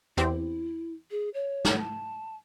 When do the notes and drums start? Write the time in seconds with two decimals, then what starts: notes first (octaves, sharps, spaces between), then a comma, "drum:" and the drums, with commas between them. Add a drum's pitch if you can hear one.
0.17 E2 C4 E4 G4, drum: hi-hat
1.11 G#4
1.34 C#5
1.65 drum: snare
1.79 A5